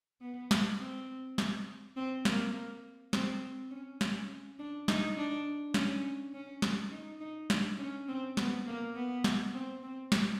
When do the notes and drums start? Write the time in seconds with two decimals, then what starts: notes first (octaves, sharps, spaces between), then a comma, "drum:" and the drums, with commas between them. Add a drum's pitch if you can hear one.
0.21 B3
0.51 drum: snare
0.79 C4
1.38 drum: snare
1.96 C4
2.25 A#3, drum: snare
3.13 C4, drum: snare
3.71 C#4
4.01 C#4, drum: snare
4.59 D4
4.88 D#4, drum: snare
5.17 D4
5.74 C#4, drum: snare
6.33 C#4
6.62 drum: snare
6.92 D#4
7.20 D#4
7.50 D4, drum: snare
7.78 C#4
8.08 C4
8.37 B3, drum: snare
8.67 A#3
8.95 B3
9.24 drum: snare
9.54 C4
9.83 C4
10.12 drum: snare